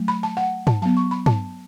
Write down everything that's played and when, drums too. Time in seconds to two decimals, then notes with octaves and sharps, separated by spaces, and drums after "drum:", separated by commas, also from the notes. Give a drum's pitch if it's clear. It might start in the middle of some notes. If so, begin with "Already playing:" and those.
Already playing: F#3 A3
0.08 B5
0.23 A5
0.37 F#5
0.67 A5, drum: tom
0.82 F#3 B3 A5
0.97 C#6
1.11 B5
1.26 A5, drum: tom